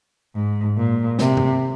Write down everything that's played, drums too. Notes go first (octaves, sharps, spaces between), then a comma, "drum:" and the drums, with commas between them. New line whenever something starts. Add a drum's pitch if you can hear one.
G#2
A#2
C3, drum: snare
drum: tom G2